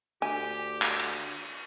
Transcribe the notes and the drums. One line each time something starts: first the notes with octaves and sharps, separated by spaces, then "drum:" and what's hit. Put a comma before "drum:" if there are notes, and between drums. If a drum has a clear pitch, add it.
D2 G4 G#5
drum: clap
drum: cymbal